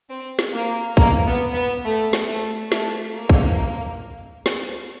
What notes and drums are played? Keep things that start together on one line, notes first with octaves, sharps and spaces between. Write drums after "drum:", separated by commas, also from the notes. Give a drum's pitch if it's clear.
C4
drum: snare
A#3
A#3, drum: kick
B3
B3
A3
drum: snare
A3
A3, drum: snare
A#3
drum: kick
drum: snare